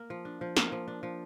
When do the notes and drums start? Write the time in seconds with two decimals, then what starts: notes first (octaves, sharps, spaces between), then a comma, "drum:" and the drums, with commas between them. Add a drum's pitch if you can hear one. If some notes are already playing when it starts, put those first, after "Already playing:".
Already playing: A#3
0.10 F3
0.25 D4
0.41 F3
0.57 A#3, drum: snare
0.72 F3
0.88 D4
1.03 F3